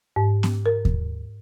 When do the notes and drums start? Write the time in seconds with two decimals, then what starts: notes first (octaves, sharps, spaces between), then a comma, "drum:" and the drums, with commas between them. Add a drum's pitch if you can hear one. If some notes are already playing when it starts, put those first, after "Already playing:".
0.16 G#2
0.43 drum: snare B3
0.66 A#4
0.85 drum: kick D#2